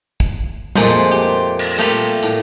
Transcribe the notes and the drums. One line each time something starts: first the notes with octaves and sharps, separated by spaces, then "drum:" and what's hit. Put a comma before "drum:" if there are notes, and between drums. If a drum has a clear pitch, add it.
drum: kick
F2 A#2 G#3 A3 C5, drum: tom
G4
drum: cymbal
G3 A3 A#3 F4 G4
A2, drum: tambourine